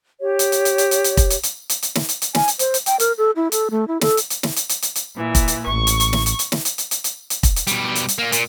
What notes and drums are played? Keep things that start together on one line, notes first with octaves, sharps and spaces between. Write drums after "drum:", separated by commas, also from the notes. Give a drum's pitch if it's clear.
G4 C#5
drum: hi-hat
drum: hi-hat
drum: hi-hat
drum: hi-hat
drum: hi-hat
drum: hi-hat
drum: kick, hi-hat
drum: hi-hat
drum: hi-hat
drum: hi-hat
drum: hi-hat
drum: snare
drum: hi-hat
drum: hi-hat
G#5, drum: snare
drum: hi-hat
C5, drum: hi-hat
drum: hi-hat
G5, drum: hi-hat
A#4, drum: hi-hat
A4
E4
A4, drum: hi-hat
A3
E4
A4, drum: snare
drum: hi-hat
drum: hi-hat
drum: snare
drum: hi-hat
drum: hi-hat
drum: hi-hat
drum: hi-hat
A#2 E3
drum: kick, hi-hat
drum: hi-hat
A1 C#6
drum: hi-hat
drum: hi-hat
drum: snare
drum: hi-hat
drum: hi-hat
drum: snare
drum: hi-hat
drum: hi-hat
drum: hi-hat
drum: hi-hat
drum: hi-hat
drum: kick, hi-hat
drum: hi-hat
B2 G3, drum: hi-hat
drum: hi-hat
drum: hi-hat
A#2 A#3
A#2, drum: hi-hat